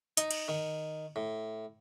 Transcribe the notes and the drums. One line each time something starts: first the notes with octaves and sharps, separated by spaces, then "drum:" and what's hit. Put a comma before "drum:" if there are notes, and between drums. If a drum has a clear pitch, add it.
D#4, drum: hi-hat
drum: cymbal
D#3
A2